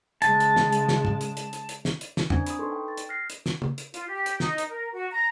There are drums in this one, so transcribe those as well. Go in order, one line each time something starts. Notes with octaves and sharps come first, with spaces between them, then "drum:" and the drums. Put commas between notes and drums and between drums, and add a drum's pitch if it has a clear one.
C#3 G#3 A5, drum: hi-hat
drum: hi-hat
drum: snare
drum: hi-hat
drum: snare
drum: tom G#2
drum: hi-hat
drum: hi-hat
drum: hi-hat
drum: hi-hat
drum: snare
drum: hi-hat
drum: snare
C4 D4 G#5 A#5 G#6, drum: tom
B5 D#6, drum: hi-hat
D#4 A4 B4 C6 C#6
G5
A6
drum: hi-hat
F6 F#6 A#6 C7
drum: hi-hat
drum: snare
drum: tom
drum: hi-hat
F4, drum: hi-hat
G4
drum: hi-hat
D#4, drum: snare
drum: hi-hat
A#4
F#4
A#5